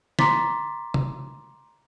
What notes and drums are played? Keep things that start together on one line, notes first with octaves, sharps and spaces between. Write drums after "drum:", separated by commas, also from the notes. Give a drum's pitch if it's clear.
A#5 C6 D6 A6 B6, drum: snare
drum: tom